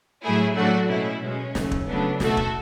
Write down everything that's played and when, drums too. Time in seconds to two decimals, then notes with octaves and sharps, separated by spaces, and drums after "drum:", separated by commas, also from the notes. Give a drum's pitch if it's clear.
0.24 A2 F#3 A3 E4 G#4
0.56 A2 F#3 A3 D4 F#4
0.89 B2 A3 C#4 E4
1.22 B2 G#3 C#4
1.55 C#3 F#3 A3, drum: snare
1.71 drum: kick
1.87 C#3 F#3 A3 B3 D4
2.20 B2 A3 F#4 A4, drum: snare
2.37 drum: kick